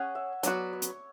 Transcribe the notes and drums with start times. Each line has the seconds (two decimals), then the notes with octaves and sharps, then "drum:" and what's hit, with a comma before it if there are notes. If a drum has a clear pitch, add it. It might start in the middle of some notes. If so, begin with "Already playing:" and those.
Already playing: C#4 G#4 C#5 F#5
0.15 E5
0.43 F#3 B3 F#4 D5, drum: hi-hat
0.73 C#5
0.82 drum: hi-hat